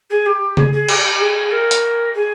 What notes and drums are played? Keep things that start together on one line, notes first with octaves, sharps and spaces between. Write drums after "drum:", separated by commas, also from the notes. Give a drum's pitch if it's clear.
G#4
G4
G#4, drum: tom C#3
G#4
G4, drum: cymbal
G#4
A#4
drum: hi-hat
G#4